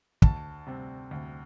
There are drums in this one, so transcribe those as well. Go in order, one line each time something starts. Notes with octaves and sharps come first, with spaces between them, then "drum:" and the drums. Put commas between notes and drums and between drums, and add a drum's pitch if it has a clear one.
D2 A5, drum: kick
C3 G3 C4
D2